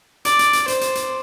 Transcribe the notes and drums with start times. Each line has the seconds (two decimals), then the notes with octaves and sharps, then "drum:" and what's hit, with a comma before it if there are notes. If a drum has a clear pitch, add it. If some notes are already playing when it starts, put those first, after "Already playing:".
0.25 D5, drum: hi-hat
0.39 drum: hi-hat
0.53 drum: hi-hat
0.68 C5, drum: hi-hat
0.81 drum: hi-hat
0.95 drum: hi-hat